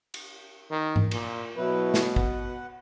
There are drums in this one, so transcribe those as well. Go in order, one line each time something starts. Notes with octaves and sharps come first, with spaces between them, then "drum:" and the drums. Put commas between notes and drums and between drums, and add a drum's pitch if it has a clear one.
drum: cymbal
D#3
drum: tom G#2
A#2, drum: cymbal
B2 F#3 E4 B4
drum: snare
B4 F#5, drum: kick